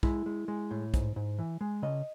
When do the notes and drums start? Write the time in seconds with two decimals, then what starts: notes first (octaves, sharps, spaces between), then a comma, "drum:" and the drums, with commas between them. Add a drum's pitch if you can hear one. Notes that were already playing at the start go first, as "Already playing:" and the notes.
0.03 G#3 E4, drum: kick
0.26 G#3
0.48 G#3
0.71 A2
0.94 G#2, drum: kick, hi-hat
1.16 G#2
1.39 E3
1.61 G#3
1.82 C#3 D#5